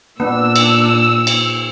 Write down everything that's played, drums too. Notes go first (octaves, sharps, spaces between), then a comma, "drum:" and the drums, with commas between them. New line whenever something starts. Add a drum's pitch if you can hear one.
A#2 B3 D4 E6
drum: cymbal
drum: cymbal